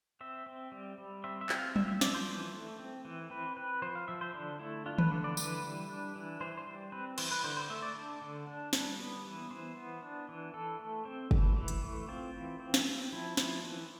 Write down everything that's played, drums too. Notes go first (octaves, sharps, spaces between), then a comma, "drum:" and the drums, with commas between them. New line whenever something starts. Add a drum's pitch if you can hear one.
C4 E5
C4
G3
G3
C4 E5
E5
C4, drum: clap
F5
F3 E5, drum: tom F#3
E5
F3 D5, drum: snare
C5
E3
A3
C4
E3
C4 B4
C4 B4
F3 C5
F5
F3 E5
C5
D3 D4
A3 E4
D4 F4
B4, drum: tom D#3
D3
D5
E3 B4, drum: tambourine
G3
D4
E3
E3 C5
C5
G3
C4 B4
E3 C5, drum: cymbal
B4
D3 C5
C5
A3 E5
D5
D4
D3
D4
G3, drum: snare
B3
E3
E3 C5
B3
D4
E3
E3 A4
A3
C4
E3, drum: kick
E3
drum: hi-hat
A3
C4 F4
E3
C4
drum: snare
C4
F3 E4
F3, drum: snare
E3